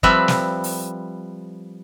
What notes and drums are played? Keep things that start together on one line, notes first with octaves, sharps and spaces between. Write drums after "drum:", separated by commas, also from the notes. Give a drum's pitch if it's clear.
F3 G3 C4 B4 E5, drum: kick
drum: snare
drum: open hi-hat